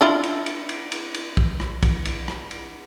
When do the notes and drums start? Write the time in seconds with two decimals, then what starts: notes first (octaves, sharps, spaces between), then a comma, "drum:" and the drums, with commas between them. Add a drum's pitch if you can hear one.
0.01 D4 E4 F4
0.23 drum: cymbal
0.46 drum: cymbal
0.69 drum: cymbal
0.92 drum: cymbal
1.14 drum: cymbal
1.37 drum: kick
1.60 drum: rim click
1.83 drum: kick, cymbal
2.05 drum: cymbal
2.28 drum: rim click
2.51 drum: cymbal